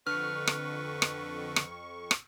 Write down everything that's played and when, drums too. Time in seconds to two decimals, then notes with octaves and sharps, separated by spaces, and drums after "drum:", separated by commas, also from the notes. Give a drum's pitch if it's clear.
0.07 F2 D3 B4 C#6 F6
0.47 drum: rim click
1.02 drum: rim click
1.56 drum: rim click
2.11 drum: rim click